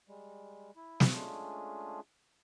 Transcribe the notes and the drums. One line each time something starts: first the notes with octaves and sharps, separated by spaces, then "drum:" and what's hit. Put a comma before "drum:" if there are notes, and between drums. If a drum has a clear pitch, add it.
G3 G#3
E4
drum: snare
G#3 A3 C#4 D4 F4 G#4